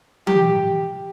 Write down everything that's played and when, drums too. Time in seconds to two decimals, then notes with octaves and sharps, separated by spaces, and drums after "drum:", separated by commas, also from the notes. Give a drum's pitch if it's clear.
0.27 G4, drum: tom E3